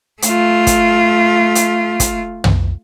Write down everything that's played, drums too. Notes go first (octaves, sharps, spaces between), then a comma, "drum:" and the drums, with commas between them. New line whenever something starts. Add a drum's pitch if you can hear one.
A3 F4, drum: hi-hat
drum: kick, hi-hat
drum: hi-hat
drum: kick, hi-hat
drum: tom